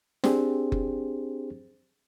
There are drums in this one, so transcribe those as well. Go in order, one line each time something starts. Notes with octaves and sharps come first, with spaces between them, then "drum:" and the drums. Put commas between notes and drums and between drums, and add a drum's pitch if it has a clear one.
C4 D4 G4 G#4 C5, drum: snare
drum: kick F#1